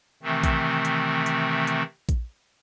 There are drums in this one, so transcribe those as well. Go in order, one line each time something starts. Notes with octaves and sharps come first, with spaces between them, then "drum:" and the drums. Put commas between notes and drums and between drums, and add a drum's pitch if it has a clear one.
C3 D#3 E3 A3 C4
drum: kick A#1, hi-hat
drum: hi-hat
drum: hi-hat
drum: hi-hat
drum: kick A#1, hi-hat